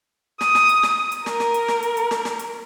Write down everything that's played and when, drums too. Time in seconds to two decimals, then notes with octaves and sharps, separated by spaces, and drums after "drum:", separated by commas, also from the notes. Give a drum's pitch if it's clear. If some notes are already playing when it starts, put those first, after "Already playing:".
0.41 D#6, drum: snare
0.55 drum: snare
0.69 drum: hi-hat
0.83 drum: snare
1.12 drum: hi-hat
1.26 A#4, drum: snare
1.40 drum: snare
1.54 drum: hi-hat
1.68 drum: snare
1.83 drum: hi-hat
1.97 drum: hi-hat
2.11 drum: snare
2.25 drum: snare
2.39 drum: hi-hat